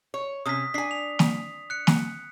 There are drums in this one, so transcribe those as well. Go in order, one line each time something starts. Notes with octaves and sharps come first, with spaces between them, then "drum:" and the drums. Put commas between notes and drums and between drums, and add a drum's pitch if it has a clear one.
C#5
C3 C#4 D#6 B6
D4 G#5 B6 C7
F7
drum: snare
F#6 C#7
drum: snare